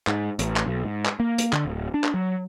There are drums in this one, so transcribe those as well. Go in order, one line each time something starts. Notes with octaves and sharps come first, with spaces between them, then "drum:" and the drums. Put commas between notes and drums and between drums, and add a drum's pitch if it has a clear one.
G#2, drum: clap
A1, drum: hi-hat
drum: clap
B1
G#2
drum: clap
A#3
drum: hi-hat
D3, drum: clap
D1
D4
drum: clap
F#3